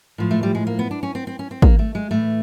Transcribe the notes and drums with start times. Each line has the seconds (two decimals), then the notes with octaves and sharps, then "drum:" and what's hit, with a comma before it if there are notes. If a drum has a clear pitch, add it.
0.18 A2 F3
0.31 A3
0.43 G3
0.55 G#3
0.67 A#3
0.79 B3
0.91 D4
1.03 C#4
1.15 C4
1.27 C4
1.39 C#4
1.51 C4
1.62 A#3, drum: kick
1.79 A3
1.95 G#3
2.11 A2 E3 A3